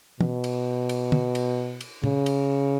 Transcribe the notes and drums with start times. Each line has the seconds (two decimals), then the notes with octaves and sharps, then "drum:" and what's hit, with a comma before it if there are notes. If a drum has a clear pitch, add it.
0.21 B2, drum: tom
0.44 drum: cymbal
0.89 drum: cymbal
1.12 drum: tom
1.35 drum: cymbal
1.81 drum: cymbal
2.04 C#3, drum: tom
2.26 drum: cymbal